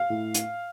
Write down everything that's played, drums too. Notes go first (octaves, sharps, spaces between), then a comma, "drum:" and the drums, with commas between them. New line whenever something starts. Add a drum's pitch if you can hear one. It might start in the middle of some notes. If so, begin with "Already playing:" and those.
Already playing: F5
A2
drum: hi-hat